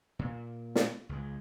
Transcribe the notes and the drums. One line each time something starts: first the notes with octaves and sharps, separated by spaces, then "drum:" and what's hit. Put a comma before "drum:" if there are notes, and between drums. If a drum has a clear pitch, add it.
A#2
drum: snare
C#2 G#3